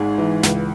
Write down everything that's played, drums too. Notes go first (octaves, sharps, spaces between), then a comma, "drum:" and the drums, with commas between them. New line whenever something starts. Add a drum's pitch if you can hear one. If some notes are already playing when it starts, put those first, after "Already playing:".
Already playing: G#1 G#2 G#4
E3
C#2, drum: snare